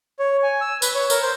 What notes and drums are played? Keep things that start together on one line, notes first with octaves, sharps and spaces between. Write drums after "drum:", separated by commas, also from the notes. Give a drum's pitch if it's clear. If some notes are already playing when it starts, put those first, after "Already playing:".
C#5
G#5
E6
B4, drum: tambourine
C#5
A#4, drum: tambourine
C5